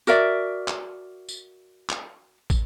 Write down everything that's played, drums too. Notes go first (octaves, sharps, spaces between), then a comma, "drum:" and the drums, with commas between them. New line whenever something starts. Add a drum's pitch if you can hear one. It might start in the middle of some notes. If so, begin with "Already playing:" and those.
F#4 A#4 D5 E5, drum: tambourine
drum: clap
drum: tambourine
drum: clap
drum: kick, tambourine